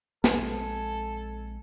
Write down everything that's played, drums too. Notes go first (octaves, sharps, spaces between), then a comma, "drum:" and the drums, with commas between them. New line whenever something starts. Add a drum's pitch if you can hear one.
A#1 G#3 C4 A4 G#5, drum: snare